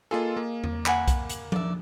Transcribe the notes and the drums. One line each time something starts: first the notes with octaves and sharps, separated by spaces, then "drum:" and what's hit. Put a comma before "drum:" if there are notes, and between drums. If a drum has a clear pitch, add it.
A#3 F4 G#4 A4 D#5
A#3
drum: tom E2
F#5 G#5 B5, drum: clap
drum: kick B1, hi-hat
drum: hi-hat
D5 E5, drum: tom F3